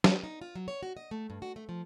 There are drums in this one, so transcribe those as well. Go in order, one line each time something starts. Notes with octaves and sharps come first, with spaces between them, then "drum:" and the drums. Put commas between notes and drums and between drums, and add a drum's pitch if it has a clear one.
B3, drum: snare
D#4
F4
F#3
C#5
F#4
D#5
A3
G2
F#4
A3
F3